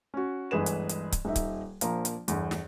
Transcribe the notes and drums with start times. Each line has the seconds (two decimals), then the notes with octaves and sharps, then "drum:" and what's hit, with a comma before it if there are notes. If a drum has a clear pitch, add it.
0.14 C#4 F#4
0.51 G1 C#2 E3 G#4 B4 E7
0.66 drum: hi-hat
0.89 drum: hi-hat
1.12 drum: kick C#1, hi-hat
1.25 D#1 D#4 E5
1.36 drum: kick C#1, hi-hat
1.81 A#1 F3 A#3 F5 A#5, drum: hi-hat
2.05 drum: hi-hat
2.28 G1 E2, drum: hi-hat
2.51 drum: snare